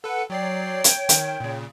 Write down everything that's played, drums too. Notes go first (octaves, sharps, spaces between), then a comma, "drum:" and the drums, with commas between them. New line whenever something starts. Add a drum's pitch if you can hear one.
A4 B4 F#5
F#3 C#5 D5 G5 C7
drum: hi-hat
D#3, drum: hi-hat
A#2 C#3